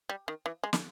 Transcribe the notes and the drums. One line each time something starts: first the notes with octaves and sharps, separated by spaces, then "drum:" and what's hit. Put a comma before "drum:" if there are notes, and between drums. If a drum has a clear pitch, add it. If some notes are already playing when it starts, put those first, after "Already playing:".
G3
D#3
E3
G#3
drum: snare